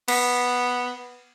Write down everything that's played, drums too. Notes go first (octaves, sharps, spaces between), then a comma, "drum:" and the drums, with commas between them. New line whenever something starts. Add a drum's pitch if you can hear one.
B3, drum: cymbal